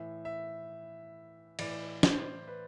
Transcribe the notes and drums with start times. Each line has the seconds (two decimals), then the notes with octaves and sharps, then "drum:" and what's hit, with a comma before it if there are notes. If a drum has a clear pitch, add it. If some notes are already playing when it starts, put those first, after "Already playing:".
Already playing: A2 E3 E5
0.25 E5
1.59 A2 E3 D5, drum: cymbal
2.03 C5, drum: snare
2.48 B4